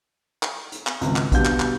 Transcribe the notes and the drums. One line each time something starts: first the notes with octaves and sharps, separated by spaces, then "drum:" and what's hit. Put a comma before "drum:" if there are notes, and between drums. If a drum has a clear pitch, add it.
drum: clap
drum: hi-hat
drum: clap
G#1 C#2, drum: hi-hat
drum: clap
B2 D3 G3 F5 G6, drum: kick, hi-hat
drum: clap
drum: clap